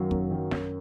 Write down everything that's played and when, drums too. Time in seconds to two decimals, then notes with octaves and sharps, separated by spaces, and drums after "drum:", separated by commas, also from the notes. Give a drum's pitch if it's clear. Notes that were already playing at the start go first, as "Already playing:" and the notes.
Already playing: F#2 D#3 F#3 F5
0.11 F#2, drum: kick
0.31 D#3 F#3
0.51 F#2, drum: snare